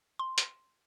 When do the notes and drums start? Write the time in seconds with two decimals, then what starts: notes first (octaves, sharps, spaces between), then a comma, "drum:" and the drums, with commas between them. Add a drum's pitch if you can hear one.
0.19 C6
0.38 drum: hi-hat